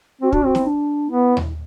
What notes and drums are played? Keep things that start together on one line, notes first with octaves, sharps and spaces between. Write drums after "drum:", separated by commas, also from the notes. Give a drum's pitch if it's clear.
C4 F#4
D4 F#4, drum: kick
C4 F#4
E4, drum: snare
D4
B3 E4
drum: tom D#2